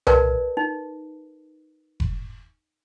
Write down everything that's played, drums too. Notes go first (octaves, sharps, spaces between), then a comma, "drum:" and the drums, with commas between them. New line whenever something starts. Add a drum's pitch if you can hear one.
A#4 B4 D5 A5, drum: tom C2
D#4
drum: kick F1